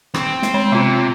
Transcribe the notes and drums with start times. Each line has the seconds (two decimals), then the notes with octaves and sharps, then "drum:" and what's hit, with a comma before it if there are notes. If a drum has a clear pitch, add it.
0.14 C4, drum: rim click
0.42 drum: snare
0.54 G#3
0.72 C3 B3 F4